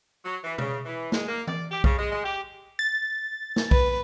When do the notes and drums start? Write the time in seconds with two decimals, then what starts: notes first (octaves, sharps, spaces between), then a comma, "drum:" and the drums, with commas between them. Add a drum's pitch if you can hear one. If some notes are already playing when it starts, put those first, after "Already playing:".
0.25 F#3
0.44 E3
0.58 C#3, drum: tom B2
0.85 E3
1.12 G#3, drum: snare
1.28 A#3
1.47 D5, drum: tom E3
1.71 G4
1.84 C#3, drum: kick B1
1.98 G#3
2.12 G#3
2.24 G4
2.79 A6
3.56 drum: snare
3.71 B4, drum: kick B1